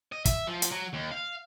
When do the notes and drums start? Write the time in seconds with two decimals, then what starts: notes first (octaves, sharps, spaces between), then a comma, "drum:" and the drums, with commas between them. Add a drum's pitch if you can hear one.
0.12 D#5
0.25 E5, drum: kick, hi-hat
0.48 F3
0.62 drum: hi-hat
0.72 F#3
0.94 D#2
1.12 F5